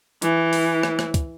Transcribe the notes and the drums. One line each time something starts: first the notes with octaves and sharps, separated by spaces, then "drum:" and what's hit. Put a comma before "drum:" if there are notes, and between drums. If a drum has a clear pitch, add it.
E3, drum: hi-hat
drum: open hi-hat
drum: rim click
drum: rim click
drum: kick, hi-hat